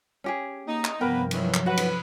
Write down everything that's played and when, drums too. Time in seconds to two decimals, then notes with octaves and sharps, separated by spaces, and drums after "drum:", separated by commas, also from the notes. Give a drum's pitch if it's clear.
0.24 C#4 G4 G#4
0.66 A#3 D#4
0.85 drum: clap
1.01 G2 C3 F3 A#3 B3 A#4 B4 G5
1.31 D#3 E3 F#3, drum: cymbal
1.54 drum: clap
1.66 F#4 B4 F#5
1.77 drum: cymbal